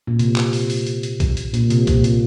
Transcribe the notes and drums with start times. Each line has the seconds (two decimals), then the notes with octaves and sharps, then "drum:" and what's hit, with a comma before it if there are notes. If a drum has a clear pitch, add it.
0.07 A#2
0.19 C3, drum: hi-hat
0.36 drum: clap
0.53 drum: open hi-hat
0.70 drum: open hi-hat
0.87 drum: hi-hat
1.03 drum: hi-hat
1.20 drum: kick B1, hi-hat
1.37 drum: hi-hat
1.54 A#2, drum: hi-hat
1.70 C3, drum: hi-hat
1.87 A#2, drum: kick B1, hi-hat
2.04 C3, drum: hi-hat